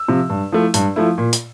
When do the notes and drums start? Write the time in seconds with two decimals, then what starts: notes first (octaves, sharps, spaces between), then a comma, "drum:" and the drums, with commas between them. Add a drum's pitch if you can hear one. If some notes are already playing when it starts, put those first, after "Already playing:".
Already playing: E6
0.08 C3 F3
0.30 G2
0.52 F3 A3 E4
0.74 G2, drum: hi-hat
0.96 F3 A3 E4
1.18 A#2
1.33 drum: hi-hat